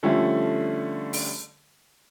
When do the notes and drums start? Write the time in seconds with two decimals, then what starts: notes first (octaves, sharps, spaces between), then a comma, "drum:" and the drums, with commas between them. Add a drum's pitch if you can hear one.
0.03 D3 F3 G3 A3 C#4
1.13 drum: open hi-hat